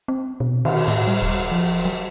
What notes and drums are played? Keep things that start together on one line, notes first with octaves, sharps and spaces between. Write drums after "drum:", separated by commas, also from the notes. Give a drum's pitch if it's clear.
C4
B2
D#3, drum: cymbal
A2, drum: hi-hat
G3
D#1
F3
F#3